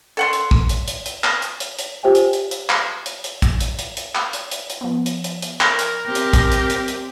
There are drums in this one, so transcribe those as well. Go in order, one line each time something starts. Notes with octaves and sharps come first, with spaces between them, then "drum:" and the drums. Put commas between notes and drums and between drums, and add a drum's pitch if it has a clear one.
A4 F#5 C6
drum: hi-hat
drum: kick
drum: hi-hat
drum: hi-hat
drum: hi-hat
drum: clap
drum: hi-hat
drum: hi-hat
drum: hi-hat
F4 G4 C5 E5 G5 G#5
drum: hi-hat
drum: hi-hat
drum: hi-hat
drum: clap
drum: hi-hat
drum: hi-hat
drum: kick, hi-hat
drum: hi-hat
drum: hi-hat
drum: hi-hat
drum: clap
drum: hi-hat
drum: hi-hat
drum: hi-hat
F3 B3
drum: hi-hat
drum: hi-hat
drum: hi-hat
A#4, drum: clap
drum: hi-hat
C4 G4
drum: hi-hat
drum: kick, hi-hat
drum: hi-hat
drum: hi-hat
drum: hi-hat